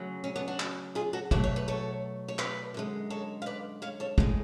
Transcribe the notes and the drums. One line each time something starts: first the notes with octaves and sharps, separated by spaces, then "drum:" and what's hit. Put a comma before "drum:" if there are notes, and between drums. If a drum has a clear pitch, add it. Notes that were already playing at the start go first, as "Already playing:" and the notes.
Already playing: D2 C#3 F#3
C#4
B3 D4
D4 F#4
drum: clap
F4 G#4
F#4 A4
B2 F#3 A3 D5, drum: kick
C#5
B4
A4 C#5
C#5
B4 D5, drum: clap
F#2 D3 G#3
A4 C#5
F5
B4 D5
C#5 F5
A4 C#5
A2 G#3, drum: kick